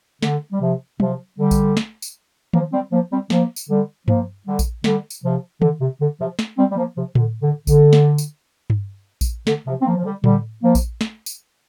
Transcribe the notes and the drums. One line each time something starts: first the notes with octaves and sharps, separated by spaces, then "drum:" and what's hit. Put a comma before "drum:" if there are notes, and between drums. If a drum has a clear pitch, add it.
D3, drum: snare
G3
C3 F3
C3 F3, drum: tom
D3 G3
drum: kick A#1, tambourine
drum: snare
drum: tambourine
F3 A#3, drum: tom D#3
G3 C4
F3 A#3
G3 C4
F3 A#3, drum: snare
drum: tambourine
D3 G3
F3 A#3, drum: tom G2
D3 G3
drum: kick A#1, tambourine
D3 G3, drum: snare
drum: tambourine
C3 F3
D3, drum: tom D#3
C3
D3
C3 F3
drum: snare
G3 C4
G3
F3 A#3
C3 F3
D3, drum: tom A2
D3
D3, drum: kick A#1, tambourine
drum: snare
drum: tambourine
drum: tom G2
drum: kick A#1, tambourine
D3, drum: snare
C3 F3
C4
F3 A#3
F3
D3 G3
D3 G3, drum: tom A2
F3 A#3
drum: kick A#1, tambourine
drum: snare
drum: tambourine